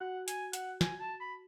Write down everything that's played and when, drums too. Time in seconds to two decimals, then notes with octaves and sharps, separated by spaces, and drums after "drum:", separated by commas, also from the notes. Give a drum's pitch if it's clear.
0.01 F#4 F#5
0.28 G#5, drum: hi-hat
0.53 F#5, drum: hi-hat
0.81 G#5, drum: snare
1.00 A5
1.20 B5